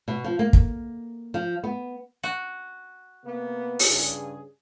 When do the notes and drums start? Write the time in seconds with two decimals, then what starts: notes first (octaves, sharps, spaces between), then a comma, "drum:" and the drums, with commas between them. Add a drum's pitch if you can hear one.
0.08 B2
0.24 F3
0.39 A#3
0.53 drum: kick
1.34 F3
1.64 B3
2.23 F#4
3.25 C3 A#3 B3
3.79 drum: open hi-hat
3.90 G2 C#3 G#4